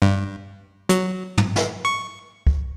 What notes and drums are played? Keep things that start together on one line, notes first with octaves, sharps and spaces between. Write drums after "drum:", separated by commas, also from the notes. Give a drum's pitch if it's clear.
G2
F#3, drum: hi-hat
drum: tom
drum: snare
C#6
drum: kick